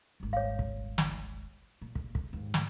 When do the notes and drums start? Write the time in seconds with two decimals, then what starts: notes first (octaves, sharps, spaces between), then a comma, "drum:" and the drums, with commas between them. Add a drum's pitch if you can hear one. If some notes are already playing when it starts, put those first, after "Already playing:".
0.20 D#1 G#1
0.33 C#5 F5
0.59 drum: kick
0.98 drum: snare
1.82 A#2
1.95 drum: kick
2.15 drum: kick
2.33 D#2 G#2
2.54 drum: snare